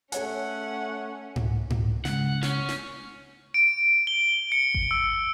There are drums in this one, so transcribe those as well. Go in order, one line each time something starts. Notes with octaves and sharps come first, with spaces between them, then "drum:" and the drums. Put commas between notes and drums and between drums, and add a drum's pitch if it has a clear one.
A3 C#4 A4 C#5 F#5 G#5, drum: hi-hat
drum: tom G#2
drum: tom G#2
C#3 G#3 F#5, drum: snare
C#4, drum: snare
drum: snare
D7
G7
C#7
drum: kick G#1
E6